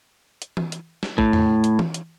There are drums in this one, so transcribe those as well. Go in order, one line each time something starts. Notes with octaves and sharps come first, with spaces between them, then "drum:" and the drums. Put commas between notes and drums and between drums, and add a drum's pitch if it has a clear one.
drum: hi-hat
drum: tom E3
drum: hi-hat
drum: snare
A2, drum: kick
drum: tom
drum: hi-hat
drum: tom E3
drum: hi-hat